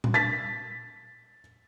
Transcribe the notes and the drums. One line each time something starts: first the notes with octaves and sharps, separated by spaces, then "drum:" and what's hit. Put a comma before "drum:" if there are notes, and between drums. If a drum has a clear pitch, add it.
drum: tom A#2
A6 B6